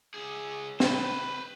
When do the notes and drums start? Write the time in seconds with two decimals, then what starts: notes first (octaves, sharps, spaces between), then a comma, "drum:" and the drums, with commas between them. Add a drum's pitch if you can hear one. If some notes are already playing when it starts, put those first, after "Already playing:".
0.14 C#2 G#4
0.80 B4 C5, drum: snare